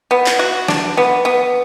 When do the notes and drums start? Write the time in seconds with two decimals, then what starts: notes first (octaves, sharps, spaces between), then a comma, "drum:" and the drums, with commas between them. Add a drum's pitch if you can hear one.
0.11 B3
0.26 drum: clap
0.39 F#4
0.68 D4, drum: snare
0.97 B3
1.25 B3